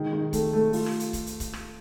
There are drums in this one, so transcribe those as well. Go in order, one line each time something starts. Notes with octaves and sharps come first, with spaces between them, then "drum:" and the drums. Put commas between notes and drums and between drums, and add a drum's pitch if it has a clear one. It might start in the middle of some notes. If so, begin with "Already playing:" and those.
Already playing: D#3 G#3
D#3
A3, drum: kick C#1, hi-hat
A3
F4, drum: open hi-hat
drum: rim click
drum: hi-hat
drum: kick C#1, hi-hat
drum: hi-hat
drum: kick C#1, hi-hat
drum: rim click